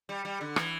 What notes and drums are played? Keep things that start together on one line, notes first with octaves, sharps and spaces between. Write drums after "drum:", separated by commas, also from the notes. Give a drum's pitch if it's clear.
G3
G3
D3
E3, drum: rim click